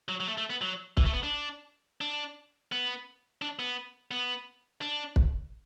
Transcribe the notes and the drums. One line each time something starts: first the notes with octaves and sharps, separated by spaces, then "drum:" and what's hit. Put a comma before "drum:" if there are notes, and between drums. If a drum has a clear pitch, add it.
F#3
F#3
A3
A3
B3
F#3
E3, drum: kick
A3
B3
D4
D4
B3
D4
B3
B3
D4
drum: kick